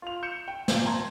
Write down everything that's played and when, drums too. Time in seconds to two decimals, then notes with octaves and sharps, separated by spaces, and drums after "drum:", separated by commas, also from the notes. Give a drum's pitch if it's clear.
0.02 F4 F7
0.23 G6 C#7 E7
0.48 G5
0.68 A#2 G6, drum: snare
0.84 G5 A5 A#5 C6 G#6